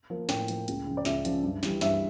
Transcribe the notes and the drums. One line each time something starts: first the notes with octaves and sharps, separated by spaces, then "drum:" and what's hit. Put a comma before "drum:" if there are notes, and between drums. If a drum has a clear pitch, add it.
F3 A#3
A2 G5, drum: snare
F3 A#3, drum: hi-hat
C#2, drum: hi-hat
C#3 F3
D5
C#2 E5, drum: snare
C#3 F3, drum: hi-hat
G2
E3 G3, drum: snare
G2 E5, drum: snare